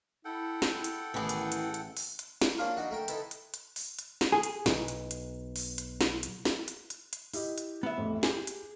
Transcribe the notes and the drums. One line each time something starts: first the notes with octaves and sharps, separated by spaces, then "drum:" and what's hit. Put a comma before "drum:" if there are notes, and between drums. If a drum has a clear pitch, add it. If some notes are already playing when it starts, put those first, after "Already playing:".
E4 A4 F#5 G5
drum: snare
drum: hi-hat
A1 D#3 E3 B3 G#4
drum: hi-hat
drum: hi-hat
drum: hi-hat
drum: open hi-hat
drum: hi-hat
drum: snare
A#3 C#4 D4 F4 A#4
D4 D#4 F#4
A3 A#4 G5
D#4 E4 A4 B4, drum: hi-hat
drum: hi-hat
drum: hi-hat
drum: open hi-hat
drum: hi-hat
drum: snare
G#4
drum: hi-hat
B1, drum: snare
drum: hi-hat
drum: hi-hat
drum: open hi-hat
drum: hi-hat
drum: snare
drum: hi-hat
drum: snare
drum: hi-hat
drum: hi-hat
drum: hi-hat
E4 G4 D#5, drum: open hi-hat
drum: hi-hat
B3 E5
A1 F2
G4 G#4, drum: snare
drum: hi-hat